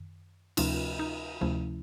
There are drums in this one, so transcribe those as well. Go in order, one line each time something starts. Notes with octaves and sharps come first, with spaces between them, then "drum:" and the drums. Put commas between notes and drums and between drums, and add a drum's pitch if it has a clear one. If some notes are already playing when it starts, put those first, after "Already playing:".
Already playing: F#2 D#3
D2 C3 F3 A3 C#4 D#4 F4, drum: cymbal
D#4
D2 C3 F3 A3 C#4 E4